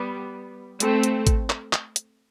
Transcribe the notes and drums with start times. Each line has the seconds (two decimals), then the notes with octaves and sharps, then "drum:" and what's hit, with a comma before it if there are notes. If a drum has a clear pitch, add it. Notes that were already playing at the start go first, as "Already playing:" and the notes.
Already playing: G3 B3
0.80 A3 C4, drum: hi-hat
1.03 drum: hi-hat
1.27 drum: kick G#1, hi-hat
1.50 drum: clap
1.73 drum: clap
1.96 drum: hi-hat